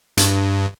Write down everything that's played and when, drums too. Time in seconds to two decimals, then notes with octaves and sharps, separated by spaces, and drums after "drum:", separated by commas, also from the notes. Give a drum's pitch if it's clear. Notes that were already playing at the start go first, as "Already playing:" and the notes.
0.17 G2, drum: hi-hat